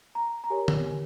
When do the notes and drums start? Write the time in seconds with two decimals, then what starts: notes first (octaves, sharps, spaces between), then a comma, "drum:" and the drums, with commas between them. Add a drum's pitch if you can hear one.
0.15 A#5
0.44 A#5
0.50 G4 A#4 C#5 G#5
0.68 drum: tom D3
0.86 G#5